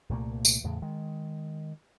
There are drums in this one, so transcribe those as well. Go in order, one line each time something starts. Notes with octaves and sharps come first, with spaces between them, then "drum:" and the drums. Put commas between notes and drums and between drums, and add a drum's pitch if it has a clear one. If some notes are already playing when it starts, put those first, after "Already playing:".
C2 A#2 A3 A#3
drum: tambourine
E2 A2 C#3
D#3 G#3